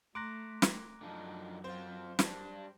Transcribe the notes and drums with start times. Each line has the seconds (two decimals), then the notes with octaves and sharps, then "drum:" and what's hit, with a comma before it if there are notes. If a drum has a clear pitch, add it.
0.15 A3 A#5 C6 D6 F#6 A#6
0.62 drum: snare
1.01 F#2 D3 F3 D#4
1.64 C4 F4 C5
2.19 G3 D4, drum: snare